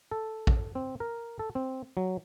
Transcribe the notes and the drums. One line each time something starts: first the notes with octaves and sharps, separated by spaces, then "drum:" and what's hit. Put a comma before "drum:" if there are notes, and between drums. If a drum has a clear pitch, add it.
A4
drum: kick A#1
C4
A#4
A4
C4
F#3